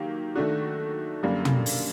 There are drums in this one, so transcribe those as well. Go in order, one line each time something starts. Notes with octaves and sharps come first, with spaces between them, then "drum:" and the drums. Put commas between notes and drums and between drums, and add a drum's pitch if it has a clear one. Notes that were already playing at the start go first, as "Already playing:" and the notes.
Already playing: D#3 F#3 A#3 G4
D#3 A3 D4 F#4
F#2 D3 G3 A#3
drum: tom
drum: open hi-hat